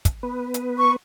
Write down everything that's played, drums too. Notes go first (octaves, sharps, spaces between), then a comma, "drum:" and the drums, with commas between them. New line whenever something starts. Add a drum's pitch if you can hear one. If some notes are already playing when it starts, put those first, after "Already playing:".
drum: kick, hi-hat
B3 B4
drum: hi-hat
C#6